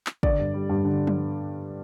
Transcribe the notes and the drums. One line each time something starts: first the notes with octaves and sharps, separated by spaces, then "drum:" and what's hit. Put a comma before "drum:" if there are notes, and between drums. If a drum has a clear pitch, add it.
drum: clap
D3 D5, drum: kick
G2
G3
G2
D3
drum: tom F3